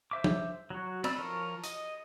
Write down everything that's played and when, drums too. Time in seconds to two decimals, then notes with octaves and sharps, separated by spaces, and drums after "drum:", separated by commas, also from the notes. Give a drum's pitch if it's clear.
0.11 C5 E5 D6
0.24 drum: tom
0.70 F#3 F#4
1.04 C4 D5 B5 E6, drum: cymbal
1.18 F3 A#4 C#5
1.64 D#5, drum: hi-hat